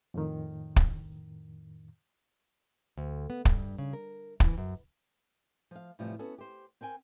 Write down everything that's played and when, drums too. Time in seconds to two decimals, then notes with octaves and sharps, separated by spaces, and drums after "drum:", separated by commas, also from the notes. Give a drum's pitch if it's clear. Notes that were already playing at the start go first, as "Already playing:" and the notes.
0.14 F2 A2 D#3
0.76 drum: kick
2.97 D2
3.30 B3
3.45 G2, drum: kick
3.78 C#3
3.93 A#4
4.40 E3, drum: kick
4.58 F#2
5.71 F3 F5
5.99 A2 C3 E3 F3 G3
6.19 B3 C#4 F#4 A4
6.38 G4 C5
6.81 C4 A#4 G5 G#5